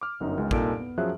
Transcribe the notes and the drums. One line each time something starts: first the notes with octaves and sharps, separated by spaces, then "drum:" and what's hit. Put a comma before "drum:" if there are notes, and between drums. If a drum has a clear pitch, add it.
D6 F6
G1 F#2 D#4 A#4
C#2 G#3
C2 A#2 D#4 A4 A5 D7, drum: kick
B3
F#2 F3 F#3 G#4 E5 F#6